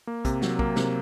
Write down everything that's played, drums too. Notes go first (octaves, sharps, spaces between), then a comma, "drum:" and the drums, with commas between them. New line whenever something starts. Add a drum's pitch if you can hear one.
A#3
C3, drum: kick, hi-hat
F#3, drum: snare
A#3, drum: kick
C3, drum: snare